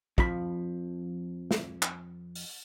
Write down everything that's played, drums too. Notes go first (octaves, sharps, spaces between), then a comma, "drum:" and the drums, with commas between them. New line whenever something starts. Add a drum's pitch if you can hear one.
F2 F3 B5, drum: kick
drum: snare
drum: clap
drum: open hi-hat